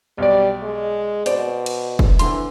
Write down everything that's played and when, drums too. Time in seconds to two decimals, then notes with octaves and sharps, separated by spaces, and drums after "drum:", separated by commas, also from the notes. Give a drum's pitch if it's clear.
0.18 B1 G3 D5
0.63 G#3
1.26 B2 C5 D5, drum: hi-hat
1.66 drum: cymbal
1.99 drum: kick
2.19 D3 E3 C6, drum: hi-hat